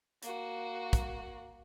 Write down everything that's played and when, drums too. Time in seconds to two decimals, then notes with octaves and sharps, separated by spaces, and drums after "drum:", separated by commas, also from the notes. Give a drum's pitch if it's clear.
0.23 A#3 F#4, drum: hi-hat
0.93 drum: kick, hi-hat